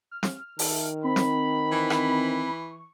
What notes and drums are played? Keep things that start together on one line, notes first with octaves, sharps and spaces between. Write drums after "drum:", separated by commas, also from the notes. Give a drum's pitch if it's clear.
F6
drum: snare
D#3 E5 A5, drum: open hi-hat
C4 B5
drum: snare
E3
drum: rim click
C#6